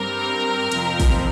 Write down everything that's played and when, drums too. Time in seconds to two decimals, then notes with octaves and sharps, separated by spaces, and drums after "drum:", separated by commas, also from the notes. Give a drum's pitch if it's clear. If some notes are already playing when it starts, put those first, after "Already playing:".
Already playing: G2 G3 C4 A#4
0.72 F2 C3 F3 C4, drum: hi-hat
1.00 drum: kick, open hi-hat